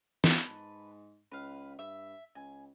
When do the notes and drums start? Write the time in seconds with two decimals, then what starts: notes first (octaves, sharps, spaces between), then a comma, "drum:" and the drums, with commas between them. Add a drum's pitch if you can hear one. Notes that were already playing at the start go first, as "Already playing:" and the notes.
0.24 B4 A5, drum: snare
0.49 G#2
1.32 C#2 B4 F5
1.79 G2 E5
2.35 C#2 G#5